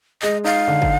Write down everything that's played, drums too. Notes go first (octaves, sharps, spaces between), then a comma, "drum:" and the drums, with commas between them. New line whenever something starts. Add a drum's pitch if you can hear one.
G#3 D#5, drum: clap
D#4 F5
D3
drum: kick